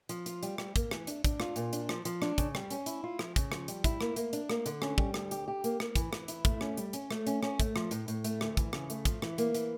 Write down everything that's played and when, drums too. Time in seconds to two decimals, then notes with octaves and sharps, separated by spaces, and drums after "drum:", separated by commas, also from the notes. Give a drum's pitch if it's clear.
0.09 F3, drum: hi-hat
0.26 F4, drum: hi-hat
0.43 G3, drum: hi-hat
0.58 G3, drum: rim click
0.76 A#3, drum: kick, hi-hat
0.91 E3, drum: rim click
1.07 D4, drum: hi-hat
1.24 D4, drum: kick, hi-hat
1.40 F4, drum: rim click
1.56 A#2, drum: hi-hat
1.73 D4, drum: hi-hat
1.89 F3, drum: rim click
2.05 F3, drum: hi-hat
2.22 D4, drum: rim click
2.38 C#3, drum: kick, hi-hat
2.55 G3, drum: rim click
2.70 C#4, drum: hi-hat
2.86 E4, drum: hi-hat
3.04 F4
3.19 F3, drum: rim click
3.36 C#3, drum: kick, hi-hat
3.52 F3, drum: rim click
3.68 G3, drum: hi-hat
3.84 E4, drum: kick, hi-hat
4.01 A#3, drum: rim click
4.16 A#3, drum: hi-hat
4.33 D4, drum: hi-hat
4.50 A#3, drum: rim click
4.66 D3, drum: hi-hat
4.82 C#4, drum: rim click
4.98 G3, drum: kick
5.14 D2, drum: rim click
5.31 G4, drum: hi-hat
5.48 G4
5.64 A#3, drum: hi-hat
5.80 A#3, drum: rim click
5.96 E3, drum: kick, hi-hat
6.13 E3, drum: rim click
6.28 E4, drum: hi-hat
6.45 A3, drum: kick, hi-hat
6.61 C#4, drum: rim click
6.77 G3, drum: hi-hat
6.93 C#4, drum: hi-hat
7.11 A3, drum: rim click
7.27 C#4, drum: hi-hat
7.43 C#4, drum: rim click
7.60 A3, drum: kick, hi-hat
7.76 F3, drum: rim click
7.91 A2, drum: hi-hat
8.08 A2, drum: hi-hat
8.24 A3, drum: hi-hat
8.41 D2, drum: rim click
8.57 E3, drum: kick, hi-hat
8.73 C#3, drum: rim click
8.90 A3, drum: hi-hat
9.05 F3, drum: kick, hi-hat
9.22 E3, drum: rim click
9.38 A#3, drum: hi-hat
9.55 E3, drum: hi-hat